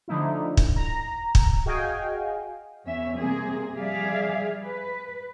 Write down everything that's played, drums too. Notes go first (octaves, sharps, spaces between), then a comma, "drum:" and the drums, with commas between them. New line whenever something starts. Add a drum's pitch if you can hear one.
D3 F3 A3 D#4 E4
drum: kick
A#5
drum: kick
F#4 G#4 D#5 F5 G5 G#5
E2 C#4 E5
C3 G3 A#3 C4 G#4
F3 G3 G#4 D5 E5 F5
B4